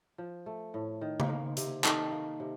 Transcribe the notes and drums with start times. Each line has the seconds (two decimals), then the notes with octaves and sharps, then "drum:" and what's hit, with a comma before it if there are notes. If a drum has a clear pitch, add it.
0.18 F3
0.46 A3
0.74 A2
1.01 D#3
1.20 drum: tom C#3
1.29 A#3
1.57 C3, drum: hi-hat
1.84 D#3 A4, drum: clap
2.12 A#3
2.40 C3